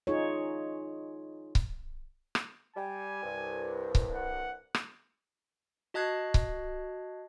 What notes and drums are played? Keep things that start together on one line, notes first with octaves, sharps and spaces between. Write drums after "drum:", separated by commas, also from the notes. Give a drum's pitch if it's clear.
D#4 F4 G#4 C#5
drum: kick C#1
drum: rim click
G3 G#5
C2 G2
drum: kick C#1
F#5
drum: rim click
F#4 D#5 A5 F#6 G#6 C7
drum: kick C#1